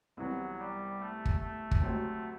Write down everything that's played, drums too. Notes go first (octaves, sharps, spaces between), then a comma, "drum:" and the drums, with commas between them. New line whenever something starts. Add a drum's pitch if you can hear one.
C2 C3 E3 F#3 B3
G3
A3
drum: kick
A3
drum: kick
D2 C3 F#3 C4